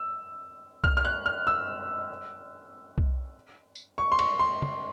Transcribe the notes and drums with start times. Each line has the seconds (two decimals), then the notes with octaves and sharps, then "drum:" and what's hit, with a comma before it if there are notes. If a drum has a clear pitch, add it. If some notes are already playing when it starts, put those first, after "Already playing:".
Already playing: E6
0.84 F6, drum: kick C2
0.97 F6
1.05 F#6
1.26 F6
1.47 E6
2.98 drum: kick C2
3.75 drum: tambourine
3.98 C#6
4.12 C6
4.19 C#6, drum: cymbal
4.39 C6
4.62 drum: tom